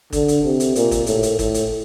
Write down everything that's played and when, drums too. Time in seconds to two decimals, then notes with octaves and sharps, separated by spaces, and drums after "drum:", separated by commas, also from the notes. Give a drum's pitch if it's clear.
0.12 D3, drum: kick, hi-hat
0.28 drum: hi-hat
0.44 C3
0.60 drum: hi-hat
0.75 A#2, drum: hi-hat
0.91 drum: kick, hi-hat
1.07 A2, drum: hi-hat
1.23 drum: hi-hat
1.39 A2, drum: kick, hi-hat
1.54 drum: hi-hat